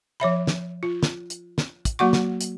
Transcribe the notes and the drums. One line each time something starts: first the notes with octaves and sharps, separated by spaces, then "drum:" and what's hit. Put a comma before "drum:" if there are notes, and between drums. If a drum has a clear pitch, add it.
F3 C#5 E5 B5
drum: snare
F4
drum: snare
drum: hi-hat
drum: snare
drum: kick, hi-hat
F#3 A#3 F#4 F#5 C#6
drum: snare
drum: hi-hat